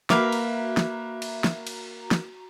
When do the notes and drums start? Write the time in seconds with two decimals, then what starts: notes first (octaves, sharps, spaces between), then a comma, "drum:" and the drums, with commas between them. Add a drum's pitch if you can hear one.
0.10 A#3 F#4 B4 E5 F5 A#5 D6, drum: snare
0.32 drum: cymbal
0.77 drum: snare
1.22 drum: cymbal
1.44 drum: snare
1.67 drum: cymbal
2.11 drum: snare